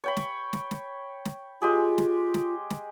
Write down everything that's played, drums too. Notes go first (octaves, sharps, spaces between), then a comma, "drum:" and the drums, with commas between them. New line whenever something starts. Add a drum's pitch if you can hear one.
C#5 G5 B5
drum: snare
drum: snare
drum: snare
drum: snare
G#3 F4 G4 G#4
drum: snare
drum: snare
drum: snare